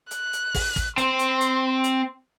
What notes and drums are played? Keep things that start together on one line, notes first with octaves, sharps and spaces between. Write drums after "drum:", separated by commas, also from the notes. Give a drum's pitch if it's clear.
F#6, drum: hi-hat
drum: hi-hat
drum: kick, open hi-hat
drum: kick, hi-hat
C4 C6, drum: hi-hat
drum: hi-hat
drum: hi-hat
drum: hi-hat